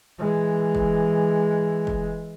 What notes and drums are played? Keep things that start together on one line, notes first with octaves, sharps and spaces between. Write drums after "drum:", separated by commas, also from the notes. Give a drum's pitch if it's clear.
E3 G#3
drum: kick
drum: kick